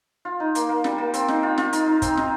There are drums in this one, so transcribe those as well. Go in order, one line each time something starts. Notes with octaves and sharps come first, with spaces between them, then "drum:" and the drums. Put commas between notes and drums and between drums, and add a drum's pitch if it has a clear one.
F4
D#4
A#3, drum: hi-hat
A#3
G3, drum: snare
A#3
C4, drum: hi-hat
D#4, drum: snare
F4
F4, drum: snare
D#4, drum: hi-hat
D#4
C4, drum: kick, hi-hat
D#4, drum: snare